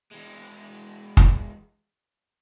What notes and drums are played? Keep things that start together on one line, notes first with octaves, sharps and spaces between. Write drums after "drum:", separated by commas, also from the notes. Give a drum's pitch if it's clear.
E3 G#3
drum: kick